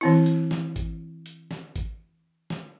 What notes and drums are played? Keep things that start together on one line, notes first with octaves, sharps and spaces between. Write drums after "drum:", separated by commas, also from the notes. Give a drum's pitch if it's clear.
E3 C4 E4
drum: hi-hat
drum: snare
drum: kick G#1, hi-hat
drum: hi-hat
drum: snare
drum: kick G#1, hi-hat
drum: snare